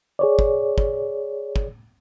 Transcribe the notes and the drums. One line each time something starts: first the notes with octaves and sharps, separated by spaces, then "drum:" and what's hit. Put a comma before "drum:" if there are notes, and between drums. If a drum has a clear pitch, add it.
G#4 C#5 D5
drum: kick
drum: kick
drum: kick